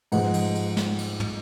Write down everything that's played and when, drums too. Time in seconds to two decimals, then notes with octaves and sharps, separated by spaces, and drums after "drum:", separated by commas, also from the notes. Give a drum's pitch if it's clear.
0.12 G#2 F3 G#3 F#5, drum: cymbal
0.34 drum: cymbal
0.55 drum: cymbal
0.77 drum: snare
0.98 drum: cymbal
1.20 drum: tom